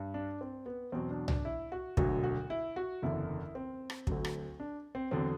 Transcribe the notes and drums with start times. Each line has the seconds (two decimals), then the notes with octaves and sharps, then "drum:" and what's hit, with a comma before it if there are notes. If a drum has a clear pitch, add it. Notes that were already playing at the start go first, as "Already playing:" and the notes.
Already playing: G2
0.14 D4
0.41 C4
0.66 B3
0.92 E2 B2 F#3 C4
1.10 D4
1.28 D4, drum: tom C2
1.45 E4
1.72 F#4
1.97 E1 D2 D3 F#3 F#4, drum: kick
2.24 F#4
2.50 E4
2.76 F#4
3.02 F#1 E2 D3 E4
3.55 C4
3.90 drum: rim click
4.07 D2 D3 F#3, drum: kick
4.25 drum: rim click
4.60 D4
4.95 C4
5.11 E2 D3 F#3 C4